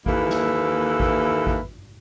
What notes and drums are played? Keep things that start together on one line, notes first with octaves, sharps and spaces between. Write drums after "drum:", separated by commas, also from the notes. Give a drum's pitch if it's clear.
D#2 E3 A#3 E4 A4 B4, drum: kick A1
drum: snare
drum: kick A1
drum: kick A1